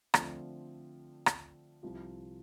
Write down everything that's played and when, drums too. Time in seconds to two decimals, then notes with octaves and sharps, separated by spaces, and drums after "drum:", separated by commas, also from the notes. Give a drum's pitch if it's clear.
0.14 D3 F3 A3 C4, drum: rim click
1.26 drum: rim click
1.83 C2 C3 F3